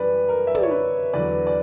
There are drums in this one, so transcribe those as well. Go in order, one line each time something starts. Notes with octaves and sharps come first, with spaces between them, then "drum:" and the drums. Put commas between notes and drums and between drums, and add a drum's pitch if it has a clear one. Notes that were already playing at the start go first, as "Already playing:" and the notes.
Already playing: F#2 E3 G3 B4 D5
A#4
E5
D5, drum: tom
C#5
B4
E2 D3 F#3 B4 D5
D5